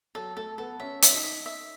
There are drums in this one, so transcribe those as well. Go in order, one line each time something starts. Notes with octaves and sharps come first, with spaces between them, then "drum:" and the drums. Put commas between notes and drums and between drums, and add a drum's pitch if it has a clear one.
F#3 A4
A3 A4
B3 A4
C#4 E5
E5, drum: hi-hat
D#4
E5
E5